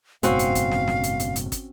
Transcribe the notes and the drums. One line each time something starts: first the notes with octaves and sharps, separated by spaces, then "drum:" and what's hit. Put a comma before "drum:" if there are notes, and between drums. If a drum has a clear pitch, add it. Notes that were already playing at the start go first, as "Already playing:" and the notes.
F#1 G#2 B2 C4 C#4 F#4 F5, drum: hi-hat
drum: hi-hat
drum: kick, hi-hat
drum: snare
drum: snare
drum: hi-hat
drum: hi-hat
drum: hi-hat
drum: kick, hi-hat